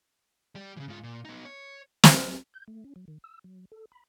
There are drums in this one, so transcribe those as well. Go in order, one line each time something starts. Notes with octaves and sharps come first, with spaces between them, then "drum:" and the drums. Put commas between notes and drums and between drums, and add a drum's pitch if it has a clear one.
G3 G4
C#3 E3
G#2 F4
A#2
B3 D#4
C#5
drum: snare
G6
A3
C#4
F#3
D#3
E6
F#3
A4
B5